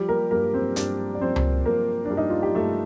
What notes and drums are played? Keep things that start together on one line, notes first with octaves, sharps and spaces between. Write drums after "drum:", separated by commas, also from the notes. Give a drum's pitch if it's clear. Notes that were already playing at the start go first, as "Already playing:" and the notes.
Already playing: F3 G3 G4
A#3 A#4
G2 A#3 A#4
C4 C5
G2 D4 D5, drum: hi-hat
D5
F3 C4 C5
drum: tom C#2
F3 A#3 A#4
D4
G2
D#4
F4
G4
G2 A3 A4